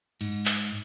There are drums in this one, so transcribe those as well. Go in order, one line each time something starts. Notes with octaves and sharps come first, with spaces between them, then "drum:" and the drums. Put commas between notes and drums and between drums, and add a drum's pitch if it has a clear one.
G#2, drum: cymbal
drum: clap